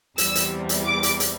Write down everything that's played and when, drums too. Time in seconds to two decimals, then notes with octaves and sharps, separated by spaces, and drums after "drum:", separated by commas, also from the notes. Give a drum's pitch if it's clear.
0.18 E2 C3 G3 E6, drum: hi-hat
0.35 drum: hi-hat
0.69 drum: hi-hat
0.85 D6
1.03 drum: hi-hat
1.20 drum: hi-hat